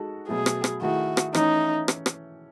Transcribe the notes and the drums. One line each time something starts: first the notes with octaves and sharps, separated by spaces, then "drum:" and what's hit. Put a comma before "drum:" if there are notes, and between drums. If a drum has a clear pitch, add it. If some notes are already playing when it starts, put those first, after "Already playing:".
Already playing: G#3 D#4 F#4 A4
B2 F#3 A3 G#4
drum: rim click
drum: rim click
D#3 A3 E4 F#4 G#4
drum: rim click
E3 A3 C#4 D#4, drum: rim click
drum: rim click
drum: rim click